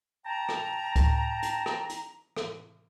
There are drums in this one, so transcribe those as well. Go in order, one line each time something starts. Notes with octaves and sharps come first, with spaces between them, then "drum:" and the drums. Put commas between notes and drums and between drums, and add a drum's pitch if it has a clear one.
G5 A5 A#5
drum: rim click
drum: kick C#2, hi-hat
drum: hi-hat
drum: rim click
drum: hi-hat
drum: rim click